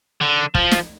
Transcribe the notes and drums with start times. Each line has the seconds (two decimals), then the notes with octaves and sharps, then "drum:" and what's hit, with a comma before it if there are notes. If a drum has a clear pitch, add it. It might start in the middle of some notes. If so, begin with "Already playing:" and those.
0.21 D3
0.55 F3, drum: kick
0.71 drum: snare